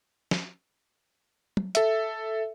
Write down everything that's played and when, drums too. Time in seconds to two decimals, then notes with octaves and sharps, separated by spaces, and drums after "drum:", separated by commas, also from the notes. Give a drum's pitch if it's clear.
0.31 drum: snare
1.57 drum: tom
1.75 A4 E5, drum: hi-hat